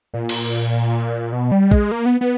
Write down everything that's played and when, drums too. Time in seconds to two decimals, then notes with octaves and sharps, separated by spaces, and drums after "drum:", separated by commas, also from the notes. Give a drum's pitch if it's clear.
0.14 A#2
0.29 drum: cymbal
1.32 B2
1.52 G3
1.71 G#3, drum: kick
1.91 A#3
2.06 B3
2.21 B3